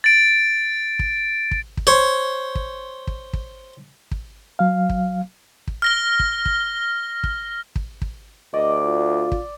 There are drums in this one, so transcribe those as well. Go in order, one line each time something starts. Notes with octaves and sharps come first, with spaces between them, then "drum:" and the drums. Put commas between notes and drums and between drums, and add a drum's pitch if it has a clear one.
A6 D7
drum: kick
drum: kick
drum: kick
C5 C#5
drum: kick
drum: kick
drum: kick
drum: kick
F#3 F5
drum: kick
drum: kick
F6 A#6 G7
drum: kick
drum: kick
drum: kick
drum: kick
drum: kick
D2 D5 D#5
F4
drum: kick